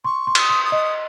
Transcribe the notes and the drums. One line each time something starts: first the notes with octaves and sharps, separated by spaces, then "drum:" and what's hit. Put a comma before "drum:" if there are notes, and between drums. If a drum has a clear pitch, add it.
C6 C#6
C6
F6, drum: cymbal
D#6
C6
D#6
D#5